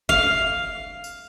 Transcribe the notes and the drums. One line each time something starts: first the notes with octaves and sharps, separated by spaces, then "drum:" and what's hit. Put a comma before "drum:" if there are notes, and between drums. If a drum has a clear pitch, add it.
F5, drum: kick F1
drum: tambourine